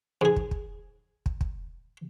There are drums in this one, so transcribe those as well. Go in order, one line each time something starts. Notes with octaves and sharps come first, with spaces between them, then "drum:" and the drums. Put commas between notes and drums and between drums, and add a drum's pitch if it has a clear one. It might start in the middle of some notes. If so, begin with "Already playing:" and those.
G#2 G#4
drum: kick
drum: kick
drum: kick
drum: kick